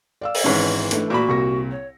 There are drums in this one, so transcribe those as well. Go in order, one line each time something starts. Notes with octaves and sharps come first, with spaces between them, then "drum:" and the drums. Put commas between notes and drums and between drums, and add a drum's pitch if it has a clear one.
D5 F5 E6
drum: open hi-hat
G#1 G#2 E3 C#4
E3 A3 D4, drum: hi-hat
A#2 F#4 B5
C2 C#6 A#6
C#5